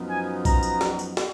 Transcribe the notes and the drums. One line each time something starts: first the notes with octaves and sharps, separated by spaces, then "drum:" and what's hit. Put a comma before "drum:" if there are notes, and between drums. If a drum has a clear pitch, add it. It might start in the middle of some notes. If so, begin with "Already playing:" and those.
Already playing: F#2 F3 B3 D#4
G#5
A#5, drum: kick A#1, tambourine
drum: tambourine
drum: snare
drum: tambourine
drum: snare